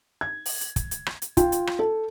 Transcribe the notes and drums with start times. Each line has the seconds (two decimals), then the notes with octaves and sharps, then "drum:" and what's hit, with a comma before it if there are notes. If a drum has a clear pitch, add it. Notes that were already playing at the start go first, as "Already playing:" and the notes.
0.21 G#6
0.46 drum: open hi-hat
0.61 drum: hi-hat
0.76 drum: kick, hi-hat
0.91 drum: hi-hat
1.06 drum: rim click
1.22 drum: hi-hat
1.37 F4 G5, drum: kick, hi-hat
1.52 drum: hi-hat
1.67 drum: rim click
1.79 A4